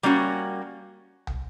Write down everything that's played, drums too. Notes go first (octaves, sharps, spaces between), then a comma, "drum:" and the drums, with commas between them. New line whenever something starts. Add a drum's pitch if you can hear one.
G3 A#3 C#4 F#4
drum: tom